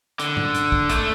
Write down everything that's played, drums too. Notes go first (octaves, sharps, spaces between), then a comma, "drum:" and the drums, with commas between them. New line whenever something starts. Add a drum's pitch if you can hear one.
D3, drum: hi-hat
drum: tom A2
drum: hi-hat
drum: kick
A3, drum: hi-hat